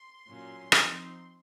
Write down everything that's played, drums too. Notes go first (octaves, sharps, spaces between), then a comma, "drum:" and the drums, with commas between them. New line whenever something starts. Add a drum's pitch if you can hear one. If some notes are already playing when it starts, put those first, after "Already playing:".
Already playing: C6
A#2 F#3 C#4
F3 C4 D#4, drum: rim click